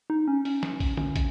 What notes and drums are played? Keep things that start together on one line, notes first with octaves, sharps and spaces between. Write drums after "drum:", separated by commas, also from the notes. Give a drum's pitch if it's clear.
D#4
C#4
C#4, drum: open hi-hat
drum: snare
drum: kick, open hi-hat
C#4, drum: tom
drum: kick, hi-hat